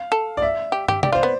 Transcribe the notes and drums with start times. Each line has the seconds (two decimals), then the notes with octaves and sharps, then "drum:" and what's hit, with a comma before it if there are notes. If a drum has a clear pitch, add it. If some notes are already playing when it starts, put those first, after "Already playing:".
Already playing: F5
0.12 A4
0.37 D5
0.42 E5
0.72 G4
0.88 G4, drum: tom
1.03 G4 D5, drum: tom C3
1.12 F4 C5
1.23 B3